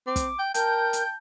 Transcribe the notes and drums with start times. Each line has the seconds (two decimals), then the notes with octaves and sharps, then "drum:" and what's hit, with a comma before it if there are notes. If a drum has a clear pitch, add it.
0.07 C4 D6
0.16 drum: kick, hi-hat
0.39 G5
0.54 A#4 G5 A5 G6, drum: hi-hat
0.93 drum: hi-hat